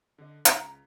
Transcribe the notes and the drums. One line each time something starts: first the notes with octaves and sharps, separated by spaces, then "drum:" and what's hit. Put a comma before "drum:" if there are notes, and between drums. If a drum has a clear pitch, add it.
D3 D#5
C#2 A#5 B6, drum: hi-hat